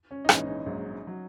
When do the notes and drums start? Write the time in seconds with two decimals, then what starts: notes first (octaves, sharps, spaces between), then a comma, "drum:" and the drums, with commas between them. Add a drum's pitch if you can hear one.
0.11 C#4
0.25 D#4
0.29 A#1 G#2 E3 C#4, drum: rim click
0.47 D#4
0.66 A#1 G#2 F#3
1.07 F#3